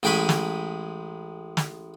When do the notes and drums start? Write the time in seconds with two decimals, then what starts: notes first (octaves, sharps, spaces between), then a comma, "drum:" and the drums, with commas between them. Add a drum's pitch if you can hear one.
0.03 A1 G#3 G5 G#5 B5 C#6
0.29 drum: snare
1.57 drum: snare